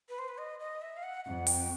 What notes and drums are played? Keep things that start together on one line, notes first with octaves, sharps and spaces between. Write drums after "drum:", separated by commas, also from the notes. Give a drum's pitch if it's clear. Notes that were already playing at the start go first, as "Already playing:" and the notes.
B4
C5
B4
D#5
D#5
E5
F5
F#5
F2 F#5
G5, drum: open hi-hat